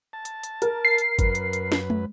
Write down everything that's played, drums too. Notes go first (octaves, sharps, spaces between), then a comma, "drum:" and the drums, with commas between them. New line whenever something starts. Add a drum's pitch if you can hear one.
A5
drum: hi-hat
drum: hi-hat
A#4, drum: hi-hat
C7
drum: hi-hat
F#2 B4, drum: kick, hi-hat
drum: hi-hat
drum: hi-hat
drum: snare
drum: tom